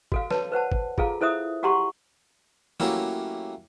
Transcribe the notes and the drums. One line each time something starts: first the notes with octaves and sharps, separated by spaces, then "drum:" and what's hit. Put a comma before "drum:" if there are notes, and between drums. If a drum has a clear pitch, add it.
F#4 A4 F5, drum: kick G1
B4 C#5 A5, drum: snare
B4 C5 F#5 A5
drum: kick G1
F4 G#4 A4 F5 A#5, drum: kick G1
E4 A4 C5 E5 D#6
F#4 G4 F#5 A#5 C6 C#6
F#3 A3 A#3 C#4 E4 G4, drum: snare